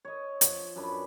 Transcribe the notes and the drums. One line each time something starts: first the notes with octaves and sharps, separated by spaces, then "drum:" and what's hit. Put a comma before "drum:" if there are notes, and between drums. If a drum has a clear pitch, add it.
C#5 D#5
F3, drum: hi-hat
F#2 D4 B4 B5